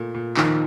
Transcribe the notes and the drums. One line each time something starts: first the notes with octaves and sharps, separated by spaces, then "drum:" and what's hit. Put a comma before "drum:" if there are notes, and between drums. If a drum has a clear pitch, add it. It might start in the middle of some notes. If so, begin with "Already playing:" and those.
Already playing: A#2 A3
A#2
D#3 F3, drum: clap